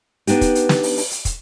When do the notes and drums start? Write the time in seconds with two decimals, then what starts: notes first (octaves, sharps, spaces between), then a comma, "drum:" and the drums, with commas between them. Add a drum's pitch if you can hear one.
0.27 B3 D4 D#4 G4, drum: hi-hat
0.41 drum: kick, hi-hat
0.55 drum: hi-hat
0.69 drum: snare
0.83 drum: open hi-hat
0.97 drum: open hi-hat
1.11 drum: hi-hat
1.25 drum: kick, hi-hat